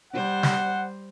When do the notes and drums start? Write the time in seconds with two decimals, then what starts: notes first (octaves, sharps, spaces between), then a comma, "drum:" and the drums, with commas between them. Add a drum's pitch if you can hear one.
0.13 G3 C5 F#5
0.43 drum: snare